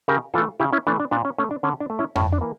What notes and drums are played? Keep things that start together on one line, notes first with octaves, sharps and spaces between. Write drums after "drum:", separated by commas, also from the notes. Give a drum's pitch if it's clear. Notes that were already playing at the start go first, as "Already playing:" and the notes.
C#3 G4 A#4
E3 A3 F4 A4
C#3 E4 G4
C#4 E4
E3 A3 D4
D4
A#2 D4
C#4
A3 C#4
D4
D3 C#4
D4
A3
C#4 E4
A2 C#4, drum: tom F2
D4
E3 A#3